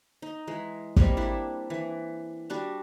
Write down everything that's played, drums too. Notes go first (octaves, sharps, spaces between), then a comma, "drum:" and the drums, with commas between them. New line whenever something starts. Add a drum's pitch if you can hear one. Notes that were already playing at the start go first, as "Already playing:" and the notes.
D#4
E3 G#3
G3 G#3 A#3 C4, drum: kick
D4 E4
E3
G3 D4 F#4